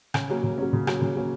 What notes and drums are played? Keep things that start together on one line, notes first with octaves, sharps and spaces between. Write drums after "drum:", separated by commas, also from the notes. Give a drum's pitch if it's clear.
C#3, drum: rim click
F#3 A#3 C#4
C#3
F#3 A#3 C#4
C#3
F#3 A#3 C#4, drum: rim click
C#3
F#3 A#3 C#4